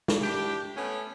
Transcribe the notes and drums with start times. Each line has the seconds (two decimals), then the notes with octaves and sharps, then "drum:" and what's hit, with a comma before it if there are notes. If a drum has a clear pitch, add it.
0.08 drum: snare
0.21 D4 E4 G4
0.75 A3 B3 C#4